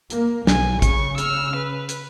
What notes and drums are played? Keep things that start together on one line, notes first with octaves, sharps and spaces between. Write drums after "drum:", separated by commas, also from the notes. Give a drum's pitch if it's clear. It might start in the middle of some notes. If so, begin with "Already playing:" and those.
A#3, drum: hi-hat
B1 G#5, drum: snare
C#3 C#6, drum: kick, hi-hat
E6 F6, drum: hi-hat
B4
drum: hi-hat